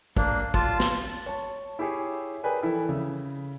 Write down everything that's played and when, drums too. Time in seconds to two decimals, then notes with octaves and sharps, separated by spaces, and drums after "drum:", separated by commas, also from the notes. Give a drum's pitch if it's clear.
0.17 A#3 D4, drum: kick
0.54 F4 A5, drum: kick
0.80 drum: snare
1.26 C#5 A5
1.79 E4 G4 G#4 C#5
2.43 G#4 A#4 B4 D5 G5 G#5
2.63 E3 E4 A4
2.89 C#3